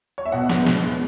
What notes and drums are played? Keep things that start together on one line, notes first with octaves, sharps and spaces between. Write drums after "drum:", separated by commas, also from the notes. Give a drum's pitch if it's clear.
C#5
E5
B2 F#5
G#3 B3, drum: snare
B2, drum: snare
G#3 B3